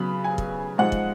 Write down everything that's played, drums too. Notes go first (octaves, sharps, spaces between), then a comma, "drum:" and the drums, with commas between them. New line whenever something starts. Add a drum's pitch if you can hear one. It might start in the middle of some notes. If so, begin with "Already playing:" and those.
Already playing: C#3 F#3 B3 B5
G#5
drum: kick
G#2 F3 G#3 F#5
drum: kick